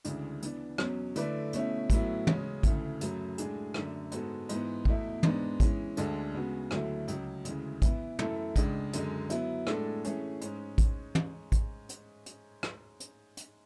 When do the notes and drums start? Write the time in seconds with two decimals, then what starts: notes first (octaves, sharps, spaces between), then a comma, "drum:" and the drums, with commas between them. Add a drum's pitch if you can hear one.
0.04 D2 C#3 E3 G#3 D4, drum: hi-hat
0.42 E3 B3 D4, drum: hi-hat
0.78 E2 B2 F#3 C#4, drum: rim click
1.16 D3 A3 E4 B4 D5, drum: hi-hat
1.53 B2 A3 C#4 E4, drum: hi-hat
1.90 A2 F#3 B3 E4, drum: kick A1, hi-hat
2.27 C#3 G#3 C#4, drum: tom
2.63 D2 C#3 E3 A3, drum: kick A1, hi-hat
3.01 F#2 C#3 F#3 A3, drum: hi-hat
3.38 A2 G#3 D4 G#4, drum: hi-hat
3.74 F#2 D3 A3 D4, drum: rim click
4.12 G#2 G#3 B3 F#4 A4, drum: hi-hat
4.49 G#2 E3 B3, drum: hi-hat
4.85 E2 B2 A3 E4, drum: kick A1
5.23 G#2 G#3 B3 D4, drum: tom
5.60 E3 G#3 C#4, drum: kick A1, hi-hat
5.97 D2 D3 G#3 D4 A4, drum: hi-hat
6.34 C#3 G#3 B3 F#4
6.71 D2 D3 F#3 A3 E4, drum: rim click
7.08 C#2 C#3 F#3, drum: hi-hat
7.45 D2 C#3 E3 G#3, drum: hi-hat
7.82 E3 B3 E4, drum: kick A1, hi-hat
8.19 F#2 E3 A3 E4 A4, drum: tom
8.56 C#2 C#3 G#3 D4, drum: kick A1, hi-hat
8.93 F#2 D3 G#3, drum: hi-hat
9.30 F#3 B3 E4, drum: hi-hat
9.67 A2 G#3 D4 A4, drum: rim click
10.04 E3 A3 C#4 G#4, drum: hi-hat
10.41 G#2 G#3 C#4, drum: hi-hat
10.78 drum: kick A1, hi-hat
11.15 drum: tom
11.52 drum: kick A1, hi-hat
11.89 drum: hi-hat
12.26 drum: hi-hat
12.63 drum: rim click
13.00 drum: hi-hat
13.37 drum: hi-hat